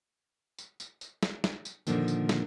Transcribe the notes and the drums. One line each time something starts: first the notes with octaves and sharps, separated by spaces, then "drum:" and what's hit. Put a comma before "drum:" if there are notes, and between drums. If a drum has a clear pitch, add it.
drum: tambourine
drum: tambourine
drum: tambourine
drum: snare
drum: snare
drum: tambourine
A#2 D3 D#3 F3 A#3, drum: tambourine
drum: tambourine
drum: snare